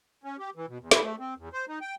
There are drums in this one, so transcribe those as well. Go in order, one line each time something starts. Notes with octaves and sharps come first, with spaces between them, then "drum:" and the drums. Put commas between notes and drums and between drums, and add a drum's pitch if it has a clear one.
C#4
G4
E3
B2
E2
E4, drum: snare
A3
C4
E2
C5
D#4
G5